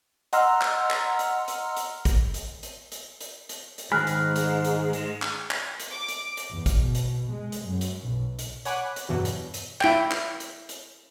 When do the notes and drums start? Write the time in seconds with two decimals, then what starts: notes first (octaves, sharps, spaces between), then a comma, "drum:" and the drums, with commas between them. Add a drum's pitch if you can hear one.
0.33 D#5 F#5 A#5 C6 E6 F6, drum: hi-hat
0.61 drum: clap
0.90 drum: clap
1.19 drum: hi-hat
1.48 drum: hi-hat
1.77 drum: hi-hat
2.05 drum: kick, hi-hat
2.34 drum: hi-hat
2.63 drum: hi-hat
2.92 drum: hi-hat
3.21 drum: hi-hat
3.49 drum: hi-hat
3.78 drum: hi-hat
3.92 G#2 D#3 G#3 G#5 B5 F6 F#6
4.07 drum: hi-hat
4.36 drum: hi-hat
4.64 drum: hi-hat
4.93 drum: hi-hat
5.22 drum: clap
5.51 drum: clap
5.80 drum: hi-hat
5.91 D6
6.08 drum: hi-hat
6.37 drum: hi-hat
6.51 E2
6.66 drum: kick, hi-hat
6.81 B2
6.95 drum: hi-hat
7.31 G#3
7.52 drum: hi-hat
7.66 F#2
7.81 drum: hi-hat
8.05 B1
8.39 drum: hi-hat
8.65 C#5 F#5 G#5 B5 D6 F#6, drum: hi-hat
8.96 drum: hi-hat
9.09 E2 G2 B2 E3 F#3
9.25 drum: hi-hat
9.54 drum: hi-hat
9.81 E4 G5, drum: clap
10.11 drum: clap
10.40 drum: hi-hat
10.69 drum: hi-hat